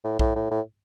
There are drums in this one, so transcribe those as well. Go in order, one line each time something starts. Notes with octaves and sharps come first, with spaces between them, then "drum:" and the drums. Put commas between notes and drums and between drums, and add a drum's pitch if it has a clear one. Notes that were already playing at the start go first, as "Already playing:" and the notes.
A2
A2, drum: kick A#1
A2
A2